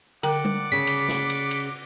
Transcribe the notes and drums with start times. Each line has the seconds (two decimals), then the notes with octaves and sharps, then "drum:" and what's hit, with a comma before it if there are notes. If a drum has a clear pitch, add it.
0.23 D3 A#4 D5 F#5 G5 D6, drum: cymbal
0.45 drum: tom G3
0.72 C#3 B6
0.87 drum: cymbal
1.08 drum: snare
1.30 drum: cymbal
1.51 drum: cymbal